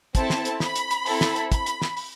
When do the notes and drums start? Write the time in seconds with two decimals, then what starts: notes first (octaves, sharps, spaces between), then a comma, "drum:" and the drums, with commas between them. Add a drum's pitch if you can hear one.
0.15 C4 E4 A4 A5, drum: kick, hi-hat
0.30 drum: snare
0.45 drum: hi-hat
0.60 B5, drum: snare
0.75 drum: hi-hat
0.91 drum: hi-hat
1.06 C4 E4 A4, drum: open hi-hat
1.21 drum: snare
1.36 drum: hi-hat
1.52 B5, drum: kick, hi-hat
1.66 drum: hi-hat
1.82 drum: snare
1.97 drum: open hi-hat